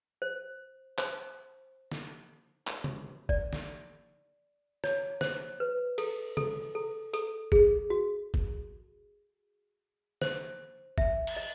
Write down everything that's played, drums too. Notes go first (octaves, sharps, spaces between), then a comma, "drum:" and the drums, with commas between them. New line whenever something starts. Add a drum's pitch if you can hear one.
C5
C5, drum: clap
drum: snare
drum: clap
drum: tom C3
D5, drum: kick
drum: snare
C#5, drum: rim click
C5, drum: snare
B4
A4, drum: cymbal
A4, drum: tom C3
A4
A4, drum: hi-hat
G#4, drum: kick
F#4
drum: kick
C5, drum: snare
E5, drum: kick
drum: cymbal
D#5